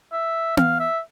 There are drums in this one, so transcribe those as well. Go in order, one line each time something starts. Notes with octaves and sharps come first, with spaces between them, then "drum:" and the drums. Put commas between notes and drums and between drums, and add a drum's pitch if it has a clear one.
E5
F5, drum: tom B3
E5